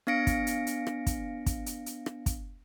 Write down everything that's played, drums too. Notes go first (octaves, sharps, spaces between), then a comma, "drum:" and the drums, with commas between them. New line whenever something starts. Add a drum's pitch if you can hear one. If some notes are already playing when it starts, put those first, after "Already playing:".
B3 D4 F5 A#6 C#7 D7
drum: kick, hi-hat
drum: hi-hat
drum: hi-hat
drum: rim click
drum: kick, hi-hat
drum: kick, hi-hat
drum: hi-hat
drum: hi-hat
drum: rim click
drum: kick, hi-hat